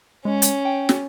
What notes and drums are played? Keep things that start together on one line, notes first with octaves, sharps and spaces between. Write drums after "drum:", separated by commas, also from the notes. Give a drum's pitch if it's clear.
G#3 C#4
drum: hi-hat
G5
drum: snare